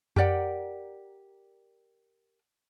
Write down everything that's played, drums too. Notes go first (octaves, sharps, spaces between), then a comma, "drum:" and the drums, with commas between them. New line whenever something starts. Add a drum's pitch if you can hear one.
G4 A#4 D5 F#5, drum: tom F2